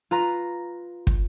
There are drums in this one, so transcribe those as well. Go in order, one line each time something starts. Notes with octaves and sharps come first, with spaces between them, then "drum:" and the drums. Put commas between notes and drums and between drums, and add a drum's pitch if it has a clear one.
F4 B4 A#5
drum: kick